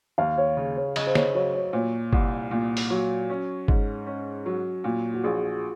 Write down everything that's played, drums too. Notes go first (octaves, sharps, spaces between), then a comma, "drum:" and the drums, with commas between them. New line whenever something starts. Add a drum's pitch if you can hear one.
D#2 F5
C#5
C#3
C#5
C#3 D#5, drum: cymbal
C5
C#5, drum: snare
F#3 C#5
C#5
A#2 C#5
C2, drum: kick G1
A#2
drum: open hi-hat
F#3
C#4
G#2, drum: kick G1
C#4
F#3
A#2 F4
F#4
A#1 G#4